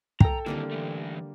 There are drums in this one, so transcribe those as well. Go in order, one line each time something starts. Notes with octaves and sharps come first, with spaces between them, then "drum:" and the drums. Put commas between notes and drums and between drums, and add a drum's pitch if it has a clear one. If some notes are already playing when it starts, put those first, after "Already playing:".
A4 G5 A#5, drum: kick
D3 D#3 G3 A#3 C4 E4
E3 A3